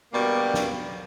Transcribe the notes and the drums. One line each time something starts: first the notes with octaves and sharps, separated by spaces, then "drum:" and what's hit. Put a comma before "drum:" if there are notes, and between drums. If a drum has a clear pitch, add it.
B2 D3 G3 A#3
drum: snare